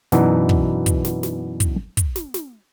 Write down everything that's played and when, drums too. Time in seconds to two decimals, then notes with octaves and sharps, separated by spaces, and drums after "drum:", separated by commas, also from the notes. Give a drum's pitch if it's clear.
0.12 F#2 B2 E3 B3 D4 D#4, drum: snare
0.49 drum: kick
0.86 drum: kick, hi-hat
1.05 drum: snare
1.23 drum: snare
1.60 drum: kick, hi-hat
1.97 drum: kick, hi-hat
2.16 drum: snare
2.34 drum: snare